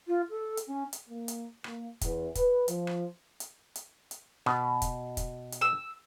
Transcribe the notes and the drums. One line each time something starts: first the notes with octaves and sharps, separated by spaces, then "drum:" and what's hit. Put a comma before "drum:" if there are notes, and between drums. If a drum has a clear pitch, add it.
F4
A4
drum: hi-hat
C#4
drum: hi-hat
A#3
drum: hi-hat
A#3, drum: rim click
E2, drum: kick, hi-hat
B4, drum: kick, hi-hat
F3, drum: hi-hat
drum: rim click
drum: hi-hat
drum: hi-hat
drum: hi-hat
B2, drum: rim click
drum: kick, hi-hat
drum: kick, hi-hat
drum: hi-hat
E6